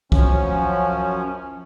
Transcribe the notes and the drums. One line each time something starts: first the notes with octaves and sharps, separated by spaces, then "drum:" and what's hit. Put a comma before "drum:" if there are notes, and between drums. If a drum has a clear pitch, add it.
F#2 F3 C#4, drum: kick C2